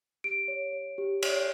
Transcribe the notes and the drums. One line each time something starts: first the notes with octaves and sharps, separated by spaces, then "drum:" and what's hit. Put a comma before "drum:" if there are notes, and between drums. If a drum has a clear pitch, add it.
G4 D7
C#5
C#5
G4
C#5, drum: cymbal